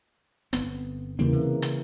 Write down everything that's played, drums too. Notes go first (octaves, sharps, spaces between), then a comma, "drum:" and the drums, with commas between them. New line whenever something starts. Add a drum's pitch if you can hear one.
G1 B3 C4, drum: hi-hat
E2 C#3 E3 G3 A#3 C4
C3
drum: hi-hat